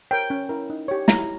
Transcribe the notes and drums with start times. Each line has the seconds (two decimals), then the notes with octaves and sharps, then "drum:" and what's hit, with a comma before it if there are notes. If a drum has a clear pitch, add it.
0.11 A#4 C#5 G5
0.30 C#4
0.49 E4 A#4
0.70 D#4
0.88 G4 C#5
1.08 E4 A#5, drum: snare